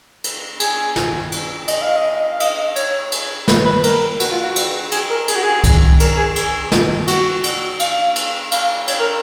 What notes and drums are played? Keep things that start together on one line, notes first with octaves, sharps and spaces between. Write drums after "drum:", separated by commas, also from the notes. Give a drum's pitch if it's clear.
drum: cymbal
G#4, drum: cymbal
drum: snare
drum: cymbal
D#5, drum: cymbal
F5
D#5
F5
D#5, drum: cymbal
C#5, drum: cymbal
drum: cymbal
B4, drum: snare
B4
A#4, drum: cymbal
F#4, drum: cymbal
F4
F#4
drum: cymbal
G#4, drum: cymbal
A#4
G#4, drum: cymbal
F#4
G#4
drum: kick C2, cymbal
A#4, drum: cymbal
G#4
G#4, drum: cymbal
drum: snare
F#4, drum: cymbal
drum: cymbal
F5, drum: cymbal
drum: cymbal
F5, drum: cymbal
C#5, drum: cymbal
A#4